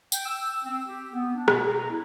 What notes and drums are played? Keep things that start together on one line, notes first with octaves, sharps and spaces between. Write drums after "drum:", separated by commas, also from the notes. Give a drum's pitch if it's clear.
G5, drum: tambourine
E6
C4
G4
B3
D4
B2, drum: rim click
A#5
E4